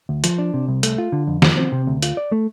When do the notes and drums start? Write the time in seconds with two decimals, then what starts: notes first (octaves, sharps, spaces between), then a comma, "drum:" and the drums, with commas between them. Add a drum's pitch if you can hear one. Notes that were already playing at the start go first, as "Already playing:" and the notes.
0.09 D2
0.24 F3, drum: hi-hat
0.38 D4
0.54 C3
0.68 C2
0.83 A3, drum: hi-hat
0.98 F4
1.12 D3
1.27 F2
1.42 F3, drum: snare
1.57 C4
1.72 C3
1.87 D2
2.02 F4, drum: hi-hat
2.17 D5
2.32 A3